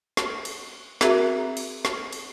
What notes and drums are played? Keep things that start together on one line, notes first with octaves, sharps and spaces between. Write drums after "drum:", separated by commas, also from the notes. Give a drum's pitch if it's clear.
drum: snare
drum: cymbal
C4 F#4 G#4 A#4 E5 A#5, drum: snare
drum: cymbal
drum: snare
drum: cymbal